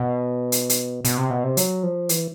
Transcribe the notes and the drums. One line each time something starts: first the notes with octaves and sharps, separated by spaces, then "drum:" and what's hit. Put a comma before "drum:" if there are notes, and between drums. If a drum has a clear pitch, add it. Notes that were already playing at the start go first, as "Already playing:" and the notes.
Already playing: B2
drum: hi-hat
drum: hi-hat
B2, drum: hi-hat
C3
B2
C3
F#3, drum: hi-hat
F3
E3, drum: hi-hat